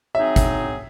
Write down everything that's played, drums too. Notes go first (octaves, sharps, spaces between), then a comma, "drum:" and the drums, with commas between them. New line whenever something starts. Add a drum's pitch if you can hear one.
F#3 C4 D#4 G#4 E5
drum: kick G1, hi-hat